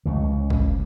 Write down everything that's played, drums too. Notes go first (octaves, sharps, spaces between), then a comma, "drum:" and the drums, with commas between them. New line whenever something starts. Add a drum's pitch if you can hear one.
C#2 C#3
drum: kick